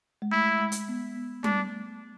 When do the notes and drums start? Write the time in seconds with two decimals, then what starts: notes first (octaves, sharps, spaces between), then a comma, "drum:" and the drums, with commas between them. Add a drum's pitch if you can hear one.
0.22 G#3
0.32 A3 E4
0.60 G#3
0.72 drum: hi-hat
0.89 B3
1.16 B3
1.44 A3 D4, drum: tom G3
1.57 B3
1.70 A3